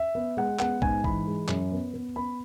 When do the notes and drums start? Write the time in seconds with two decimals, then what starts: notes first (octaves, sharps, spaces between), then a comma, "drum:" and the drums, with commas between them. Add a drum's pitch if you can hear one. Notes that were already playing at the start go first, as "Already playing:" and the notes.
Already playing: E5
0.15 B3
0.37 G#3 F#5
0.59 B3 F#5, drum: clap
0.82 G#2 G#5, drum: kick
1.04 E3 B5, drum: kick
1.27 G#3
1.48 F#2, drum: clap
1.72 B3
1.93 B3
2.16 B3 B5